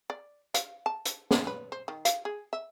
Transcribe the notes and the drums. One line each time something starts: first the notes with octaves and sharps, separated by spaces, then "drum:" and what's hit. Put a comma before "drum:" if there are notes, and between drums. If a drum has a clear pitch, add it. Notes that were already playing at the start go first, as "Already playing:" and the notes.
D5
F5, drum: hi-hat
A5
drum: hi-hat
drum: snare
B4
C5
D#3
F5, drum: hi-hat
G#4
E5